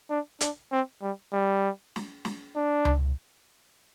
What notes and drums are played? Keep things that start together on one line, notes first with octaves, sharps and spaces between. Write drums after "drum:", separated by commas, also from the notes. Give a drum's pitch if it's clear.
D4
D4, drum: hi-hat
C4
G3
G3
drum: snare
drum: snare
D4
drum: tom C#2